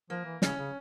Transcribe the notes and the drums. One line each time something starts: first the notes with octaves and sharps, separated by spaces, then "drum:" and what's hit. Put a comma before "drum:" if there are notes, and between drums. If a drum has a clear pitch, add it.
F3 A#3
E3
C#3 C#4, drum: snare
C#3